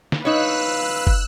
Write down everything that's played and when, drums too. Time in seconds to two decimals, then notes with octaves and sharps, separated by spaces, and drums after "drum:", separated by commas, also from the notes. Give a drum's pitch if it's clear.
0.12 drum: snare
0.25 D#4 B4 C#5 F5 E6 F#6
1.07 drum: kick